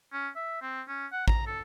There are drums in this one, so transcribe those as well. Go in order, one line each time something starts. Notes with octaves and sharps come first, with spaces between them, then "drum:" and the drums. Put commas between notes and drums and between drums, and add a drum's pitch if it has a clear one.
C#4
E5
C4
C#4
F#5
A#5, drum: kick
A4